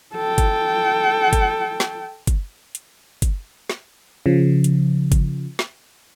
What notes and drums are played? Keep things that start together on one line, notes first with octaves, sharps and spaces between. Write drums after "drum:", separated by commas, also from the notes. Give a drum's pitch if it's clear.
A4 G5
drum: kick F#1, hi-hat
drum: kick F#1, hi-hat
drum: snare
drum: kick F#1, hi-hat
drum: hi-hat
drum: kick F#1, hi-hat
drum: snare
C#3 F3
drum: hi-hat
drum: kick F#1, hi-hat
drum: snare